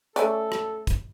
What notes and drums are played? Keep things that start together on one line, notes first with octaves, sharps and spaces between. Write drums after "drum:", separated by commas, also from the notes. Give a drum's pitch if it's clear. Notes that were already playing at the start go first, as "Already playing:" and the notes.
A3 C#4 A4 D5, drum: hi-hat
drum: rim click
drum: kick, hi-hat